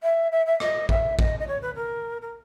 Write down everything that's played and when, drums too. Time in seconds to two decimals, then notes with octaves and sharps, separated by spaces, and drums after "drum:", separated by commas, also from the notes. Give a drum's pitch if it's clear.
0.03 E5
0.32 E5
0.46 E5
0.60 D#5, drum: rim click
0.89 E5, drum: kick A1
1.19 D#5, drum: kick A1
1.39 D#5
1.47 C#5
1.61 B4
1.75 A#4
2.22 A#4